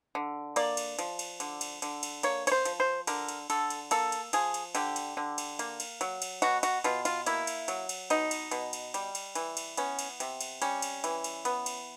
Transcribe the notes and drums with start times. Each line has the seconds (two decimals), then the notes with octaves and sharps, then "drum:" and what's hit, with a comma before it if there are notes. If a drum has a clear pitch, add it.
0.15 D3
0.56 A#3 D5, drum: cymbal
0.77 drum: cymbal
0.99 F3, drum: cymbal
1.19 drum: cymbal
1.40 D3, drum: cymbal
1.61 drum: cymbal
1.82 D3, drum: cymbal
2.03 drum: cymbal
2.23 A#3 C#5, drum: cymbal
2.47 C#5, drum: cymbal
2.52 C5
2.65 F3, drum: cymbal
2.80 C5
3.07 D3 A#4, drum: cymbal
3.29 drum: cymbal
3.50 D3 A4, drum: cymbal
3.70 drum: cymbal
3.91 A#3 A4, drum: cymbal
4.12 drum: cymbal
4.33 F3 G#4, drum: cymbal
4.54 drum: cymbal
4.75 D3 G4, drum: cymbal
4.96 drum: cymbal
5.17 D3
5.38 drum: cymbal
5.59 A#3, drum: cymbal
5.80 drum: cymbal
6.01 F#3, drum: cymbal
6.22 drum: cymbal
6.42 B2 F#4, drum: cymbal
6.63 F#4, drum: cymbal
6.84 B2 F4, drum: cymbal
7.05 F4, drum: cymbal
7.26 A#3 E4, drum: cymbal
7.47 drum: cymbal
7.68 F#3, drum: cymbal
7.89 drum: cymbal
8.10 B2 D#4, drum: cymbal
8.31 drum: cymbal
8.51 B2, drum: cymbal
8.73 drum: cymbal
8.94 G3, drum: cymbal
9.15 drum: cymbal
9.35 E3, drum: cymbal
9.57 drum: cymbal
9.77 B3 C#4, drum: cymbal
9.99 drum: cymbal
10.20 C3, drum: cymbal
10.41 drum: cymbal
10.62 G3 C#4, drum: cymbal
10.82 drum: cymbal
11.04 E3, drum: cymbal
11.24 drum: cymbal
11.45 B3, drum: cymbal
11.66 drum: cymbal